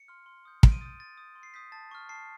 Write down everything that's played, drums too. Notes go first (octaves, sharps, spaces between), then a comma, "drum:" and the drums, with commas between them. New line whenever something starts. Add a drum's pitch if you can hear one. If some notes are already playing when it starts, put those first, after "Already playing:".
Already playing: C#7
C6 F6
C6
D#6 G6
C6 D7, drum: kick
D#7
D#6 G6 A6
C6 A6
D#6 G6
C6
C7
D#6 G6 B6
A5 A6
C#6 F6
A5 C7